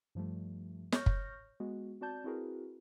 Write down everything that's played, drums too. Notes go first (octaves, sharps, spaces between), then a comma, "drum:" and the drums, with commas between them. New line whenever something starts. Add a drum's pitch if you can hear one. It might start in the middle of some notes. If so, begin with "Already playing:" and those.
G2 F3 G3 A3
C#5 C#6 F6 G6 A#6, drum: snare
drum: kick
G#3 B3 F#4
C4 F#4 D5 A5 G6
C4 E4 F#4 G#4 A#4 B4